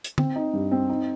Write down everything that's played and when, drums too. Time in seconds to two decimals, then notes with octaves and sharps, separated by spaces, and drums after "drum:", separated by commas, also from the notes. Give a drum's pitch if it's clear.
0.04 drum: hi-hat
0.18 C4, drum: tom
0.36 D#4
0.53 G2
0.71 C4
0.89 D#4